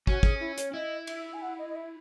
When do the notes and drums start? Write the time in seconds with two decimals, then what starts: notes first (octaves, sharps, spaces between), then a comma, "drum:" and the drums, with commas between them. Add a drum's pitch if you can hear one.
0.07 C#4 F#4, drum: kick
0.23 G#4, drum: kick
0.40 E4
0.58 C#5, drum: hi-hat
0.74 E4 D#5
1.07 E5, drum: cymbal
1.33 G#5
1.42 F#5
1.58 D#5
1.69 D#5
1.75 E5